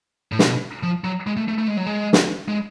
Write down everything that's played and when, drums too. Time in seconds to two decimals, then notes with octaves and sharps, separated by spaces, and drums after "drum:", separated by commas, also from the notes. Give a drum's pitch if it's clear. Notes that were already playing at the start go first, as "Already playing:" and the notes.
0.32 A2
0.39 B2, drum: snare
0.83 F3
1.04 F#3
1.27 G#3
1.37 A3
1.48 A3
1.58 A3
1.68 G#3
1.77 F#3
1.86 G#3
2.13 drum: snare
2.48 G#3